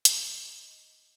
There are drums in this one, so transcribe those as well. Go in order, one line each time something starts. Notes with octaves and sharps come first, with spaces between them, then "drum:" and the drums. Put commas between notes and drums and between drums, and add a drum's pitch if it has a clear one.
D#5, drum: hi-hat